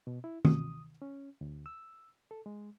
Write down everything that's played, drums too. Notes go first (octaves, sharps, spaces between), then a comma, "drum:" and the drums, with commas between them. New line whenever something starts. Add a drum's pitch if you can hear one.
B2
E4
D#6, drum: tom D#3
C#4
D2
E6
A4
G#3